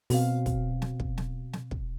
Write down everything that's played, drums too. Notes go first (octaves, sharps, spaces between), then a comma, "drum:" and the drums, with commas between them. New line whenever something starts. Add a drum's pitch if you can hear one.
B2 C4 F5, drum: open hi-hat
drum: kick, hi-hat
drum: snare
drum: kick
drum: snare
drum: snare
drum: kick